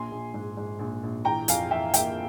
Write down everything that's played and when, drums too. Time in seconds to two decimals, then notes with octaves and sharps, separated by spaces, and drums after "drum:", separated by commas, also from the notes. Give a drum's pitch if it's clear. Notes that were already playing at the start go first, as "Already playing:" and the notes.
Already playing: A#1 G#5 C6
0.12 A#1
0.34 G#2
0.57 G#2
0.79 A#1
1.03 A#1
1.25 E3 G5 A#5
1.48 F2 F5 G#5, drum: hi-hat
1.71 E3 E5 G5
1.94 A#3 E5 G5, drum: hi-hat